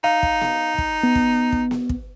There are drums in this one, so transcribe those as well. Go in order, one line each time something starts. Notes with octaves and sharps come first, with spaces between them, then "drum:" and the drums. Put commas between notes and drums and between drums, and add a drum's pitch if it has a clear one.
D#4 F5
drum: kick
drum: snare B3
drum: kick
B3
drum: kick
drum: kick
drum: snare B3
drum: kick